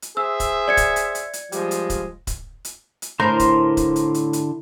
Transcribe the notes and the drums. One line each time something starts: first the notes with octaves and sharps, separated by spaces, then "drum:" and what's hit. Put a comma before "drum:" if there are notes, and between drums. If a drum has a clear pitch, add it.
drum: hi-hat
G#4 C5 E5 E6
drum: kick D1, hi-hat
D5 G#6 C#7
drum: kick D1, hi-hat
drum: hi-hat
drum: hi-hat
drum: hi-hat
F3 G3 G#3, drum: hi-hat
drum: hi-hat
drum: kick D1, hi-hat
drum: kick D1, hi-hat
drum: hi-hat
drum: hi-hat
A2 D3 A#4 C5 C6 G6
drum: kick D1, hi-hat
drum: kick D1, hi-hat
drum: hi-hat
drum: hi-hat
drum: hi-hat